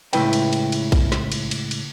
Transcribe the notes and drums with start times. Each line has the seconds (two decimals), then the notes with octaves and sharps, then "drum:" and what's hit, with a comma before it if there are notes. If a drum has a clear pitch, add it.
0.13 C#2 A2 F3 E4 B4 G5, drum: cymbal
0.33 drum: cymbal
0.53 drum: cymbal
0.72 drum: cymbal
0.92 drum: kick A#1, cymbal
1.12 drum: snare
1.32 drum: cymbal
1.51 drum: cymbal
1.71 drum: cymbal